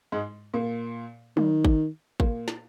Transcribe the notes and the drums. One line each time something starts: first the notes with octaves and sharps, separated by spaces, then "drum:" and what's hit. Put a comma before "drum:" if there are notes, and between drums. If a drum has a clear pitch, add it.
G#2 G#3
A#2 A#3
D#3, drum: tom F#3
drum: kick G#1
A#2 A#3, drum: kick G#1
drum: snare